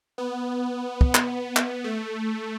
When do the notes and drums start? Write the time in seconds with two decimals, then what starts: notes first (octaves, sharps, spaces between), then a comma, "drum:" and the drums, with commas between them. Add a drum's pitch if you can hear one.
0.18 B3
1.01 drum: kick
1.15 drum: clap
1.56 drum: clap
1.84 A3